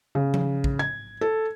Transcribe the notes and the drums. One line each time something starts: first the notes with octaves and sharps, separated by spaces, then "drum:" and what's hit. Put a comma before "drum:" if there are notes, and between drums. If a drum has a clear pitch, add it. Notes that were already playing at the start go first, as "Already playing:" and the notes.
C#3
drum: tom F3
drum: kick
G#6
A4